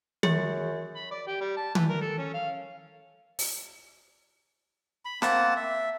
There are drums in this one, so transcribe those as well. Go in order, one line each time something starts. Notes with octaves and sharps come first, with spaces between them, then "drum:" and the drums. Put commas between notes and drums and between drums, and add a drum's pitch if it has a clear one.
F#2 G#4, drum: tom
B5
D5
G4
G3
A5
E3, drum: tom
A#4
A4
C#4
F5
drum: open hi-hat
B5
A#3 C4 F#5 A5, drum: snare
E5